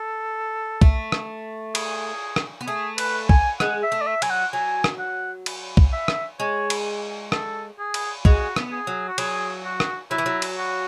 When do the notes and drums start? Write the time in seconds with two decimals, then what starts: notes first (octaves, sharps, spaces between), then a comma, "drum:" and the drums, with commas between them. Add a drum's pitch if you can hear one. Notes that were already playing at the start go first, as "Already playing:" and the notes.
Already playing: A4
0.82 A3, drum: kick
1.12 drum: rim click
1.75 G#4, drum: cymbal
2.36 drum: rim click
2.61 B3
2.67 A3 G#4
2.98 B4, drum: cymbal
3.29 G#5, drum: kick
3.60 G#3 F#5, drum: rim click
3.83 E5
3.92 A3
4.02 D5
4.07 E5
4.22 F#3 G#5, drum: cymbal
4.30 F#5
4.53 F#3 G#5
4.84 drum: rim click
4.99 F#5
5.46 drum: cymbal
5.77 drum: kick
5.93 E5
6.08 drum: rim click
6.40 G#3 C#5
6.70 drum: cymbal
7.32 A4, drum: rim click
7.79 G#4
7.94 drum: cymbal
8.25 G#3 F#4, drum: kick
8.56 B3, drum: rim click
8.72 G#4
8.87 F#3
9.09 F#4
9.18 F#3 G#4, drum: cymbal
9.65 F#4
9.80 drum: rim click
10.11 F#3 E4
10.18 E3
10.26 F#3
10.42 drum: cymbal
10.58 F#4